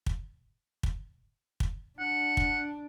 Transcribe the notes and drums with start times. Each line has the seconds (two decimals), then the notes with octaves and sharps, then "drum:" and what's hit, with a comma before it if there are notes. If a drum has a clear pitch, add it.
0.06 drum: kick
0.83 drum: kick
1.60 drum: kick
1.99 D4 F#5
2.37 drum: kick